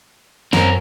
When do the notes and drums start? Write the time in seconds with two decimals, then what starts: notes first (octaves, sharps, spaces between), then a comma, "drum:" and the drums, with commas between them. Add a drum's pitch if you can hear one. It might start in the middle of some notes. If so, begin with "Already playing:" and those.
0.53 F#2 C4 A#4, drum: snare